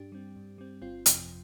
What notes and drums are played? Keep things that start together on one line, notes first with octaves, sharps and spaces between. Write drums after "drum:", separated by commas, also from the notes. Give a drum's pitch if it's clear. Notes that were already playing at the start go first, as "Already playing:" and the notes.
Already playing: G2 D4 G4
G3 C4
G2
G3 C4
G1 C4 F4
F2 C3 F3, drum: hi-hat